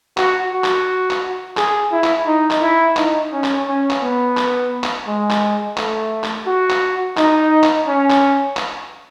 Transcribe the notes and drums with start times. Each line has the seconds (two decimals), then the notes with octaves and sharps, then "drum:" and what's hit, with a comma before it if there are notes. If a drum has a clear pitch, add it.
0.18 F#4, drum: clap
0.52 F#4
0.64 drum: clap
1.11 drum: clap
1.57 G#4, drum: clap
1.92 E4
2.04 drum: clap
2.27 D#4
2.51 drum: clap
2.62 E4
2.97 D#4, drum: clap
3.33 C#4
3.44 drum: clap
3.67 C#4
3.90 drum: clap
4.02 B3
4.37 drum: clap
4.84 drum: clap
5.07 G#3
5.30 drum: clap
5.77 A3, drum: clap
6.24 drum: clap
6.47 F#4
6.70 drum: clap
7.17 D#4, drum: clap
7.64 drum: clap
7.87 C#4
8.10 drum: clap
8.57 drum: clap